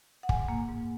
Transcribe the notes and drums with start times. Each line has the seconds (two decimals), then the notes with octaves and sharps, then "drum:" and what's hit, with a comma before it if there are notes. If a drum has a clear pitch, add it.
0.23 F#5
0.29 G#2 G#5, drum: kick
0.48 A#3
0.69 G#2